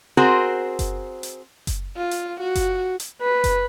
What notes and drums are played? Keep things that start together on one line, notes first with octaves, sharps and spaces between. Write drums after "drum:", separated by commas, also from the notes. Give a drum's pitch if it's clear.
C4 F#4 G#4 A#4 C5
drum: kick F#1, hi-hat
drum: hi-hat
drum: kick F#1, hi-hat
F4
drum: hi-hat
F#4
drum: kick F#1, hi-hat
drum: hi-hat
B4
drum: kick F#1, hi-hat